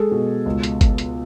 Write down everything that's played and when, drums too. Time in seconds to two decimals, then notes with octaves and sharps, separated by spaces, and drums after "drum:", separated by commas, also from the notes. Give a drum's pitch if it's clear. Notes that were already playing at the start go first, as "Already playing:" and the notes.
Already playing: G#3 G#4 A4
0.12 B2
0.46 C#2
0.63 drum: hi-hat
0.81 drum: kick, hi-hat
0.98 drum: hi-hat